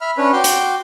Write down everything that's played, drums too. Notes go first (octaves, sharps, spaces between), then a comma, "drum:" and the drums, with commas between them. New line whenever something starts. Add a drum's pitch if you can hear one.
E5 B5 F6
C#4 D4 B4 C#5
F#4 G5 C6 D6
drum: hi-hat